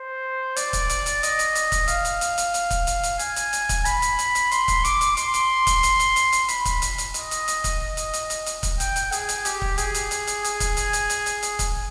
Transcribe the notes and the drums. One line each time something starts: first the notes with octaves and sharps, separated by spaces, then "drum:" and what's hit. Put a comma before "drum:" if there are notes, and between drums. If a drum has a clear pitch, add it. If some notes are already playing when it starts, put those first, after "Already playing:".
Already playing: C5
D5, drum: hi-hat
drum: kick C#1, hi-hat
drum: hi-hat
drum: hi-hat
D#5, drum: hi-hat
drum: hi-hat
drum: hi-hat
drum: kick C#1, hi-hat
F5, drum: hi-hat
drum: hi-hat
drum: hi-hat
drum: hi-hat
drum: hi-hat
drum: kick C#1, hi-hat
drum: hi-hat
drum: hi-hat
G#5, drum: hi-hat
drum: hi-hat
drum: hi-hat
drum: kick C#1, hi-hat
B5, drum: hi-hat
drum: hi-hat
drum: hi-hat
drum: hi-hat
C6, drum: hi-hat
drum: kick C#1, hi-hat
D6, drum: hi-hat
drum: hi-hat
C6, drum: hi-hat
drum: hi-hat
drum: kick C#1, hi-hat
drum: hi-hat
drum: hi-hat
drum: hi-hat
drum: hi-hat
B5, drum: hi-hat
drum: kick C#1, hi-hat
drum: hi-hat
drum: hi-hat
D#5, drum: hi-hat
drum: hi-hat
drum: hi-hat
drum: kick C#1, hi-hat
drum: hi-hat
drum: hi-hat
drum: hi-hat
drum: hi-hat
drum: kick C#1, hi-hat
G5, drum: hi-hat
drum: hi-hat
G#4, drum: hi-hat
drum: hi-hat
G4, drum: hi-hat
drum: kick C#1
G#4, drum: hi-hat
drum: hi-hat
drum: hi-hat
drum: hi-hat
G#4, drum: hi-hat
drum: kick C#1, hi-hat
drum: hi-hat
drum: hi-hat
drum: hi-hat
drum: hi-hat
drum: hi-hat
drum: kick C#1, hi-hat